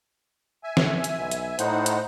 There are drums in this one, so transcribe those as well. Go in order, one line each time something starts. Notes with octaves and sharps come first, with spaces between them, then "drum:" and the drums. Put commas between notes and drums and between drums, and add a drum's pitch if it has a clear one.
E5 G#5
drum: snare
drum: hi-hat
B1
drum: hi-hat
A2 D#4 C5 F#5, drum: hi-hat
drum: hi-hat